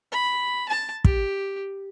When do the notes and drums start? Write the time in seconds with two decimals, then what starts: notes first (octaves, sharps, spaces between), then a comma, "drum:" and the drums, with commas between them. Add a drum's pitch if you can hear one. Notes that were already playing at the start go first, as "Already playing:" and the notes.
0.12 B5
0.68 A5
1.05 G4, drum: kick